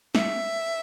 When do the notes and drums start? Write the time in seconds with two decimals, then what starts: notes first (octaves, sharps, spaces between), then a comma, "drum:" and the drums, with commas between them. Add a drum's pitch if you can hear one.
0.15 E5, drum: snare